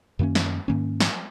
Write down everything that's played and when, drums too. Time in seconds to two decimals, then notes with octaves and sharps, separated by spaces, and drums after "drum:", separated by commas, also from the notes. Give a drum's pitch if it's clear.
0.19 F#2 D#3 A#3 C#4
0.35 drum: snare
0.68 G#2 D#3 A#3 C#4
1.00 drum: snare